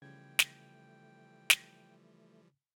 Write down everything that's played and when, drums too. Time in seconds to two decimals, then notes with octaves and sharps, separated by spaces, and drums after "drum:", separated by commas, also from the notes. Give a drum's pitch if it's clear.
0.02 C#3 E3 F3 G3 A3 G5 G#6
0.39 drum: snare
1.50 drum: snare